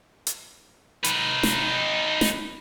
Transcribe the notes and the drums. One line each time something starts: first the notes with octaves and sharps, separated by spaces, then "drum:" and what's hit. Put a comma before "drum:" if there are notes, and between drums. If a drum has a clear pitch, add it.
drum: hi-hat
D#4 B4, drum: hi-hat
drum: snare
drum: snare